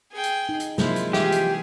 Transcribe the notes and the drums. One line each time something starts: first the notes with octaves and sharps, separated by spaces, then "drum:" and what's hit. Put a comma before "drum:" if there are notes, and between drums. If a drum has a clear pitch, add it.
G#4 G5
drum: hi-hat
D#4
drum: hi-hat
C3 F3 F#3 G#3 A#3 E4, drum: snare
drum: hi-hat
E3 G4 G#4 E5 F5, drum: snare
drum: hi-hat